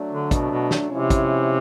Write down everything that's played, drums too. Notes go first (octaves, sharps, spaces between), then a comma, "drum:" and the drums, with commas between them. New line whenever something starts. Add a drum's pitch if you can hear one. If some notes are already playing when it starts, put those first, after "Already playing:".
Already playing: F#3 A3 D4
D3
B2, drum: kick, hi-hat
B2
drum: snare
C3 F3 G#3 C#4 E4
drum: kick, hi-hat